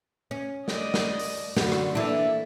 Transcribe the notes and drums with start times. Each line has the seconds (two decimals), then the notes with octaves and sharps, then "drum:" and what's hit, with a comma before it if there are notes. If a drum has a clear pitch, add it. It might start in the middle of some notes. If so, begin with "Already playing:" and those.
0.31 C#4
0.68 D5 D#5, drum: snare
0.94 drum: snare
1.19 drum: open hi-hat
1.57 F#2 D3 G3 F#4, drum: snare
1.72 drum: rim click
1.95 E3 A#3 D4 E4 A4